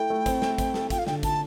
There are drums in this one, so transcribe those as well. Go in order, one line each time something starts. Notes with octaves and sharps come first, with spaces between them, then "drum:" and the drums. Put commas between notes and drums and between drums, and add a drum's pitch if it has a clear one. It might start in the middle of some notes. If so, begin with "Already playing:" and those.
Already playing: A3 E4 A4 G5
A3
C4, drum: kick, hi-hat
A3, drum: snare
C4, drum: kick, hi-hat
A4, drum: snare
F4 G5, drum: kick, hi-hat
F5
D3 G5, drum: snare
F4 A5, drum: kick, hi-hat